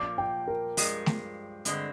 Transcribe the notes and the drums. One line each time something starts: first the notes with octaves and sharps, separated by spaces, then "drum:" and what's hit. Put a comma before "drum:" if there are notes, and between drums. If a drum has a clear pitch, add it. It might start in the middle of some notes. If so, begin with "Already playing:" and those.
Already playing: A#2 F3 A#3 D6
G5
A#4
G2 F3 G#3, drum: open hi-hat
drum: snare A3
G2 D3 G#3 C4, drum: hi-hat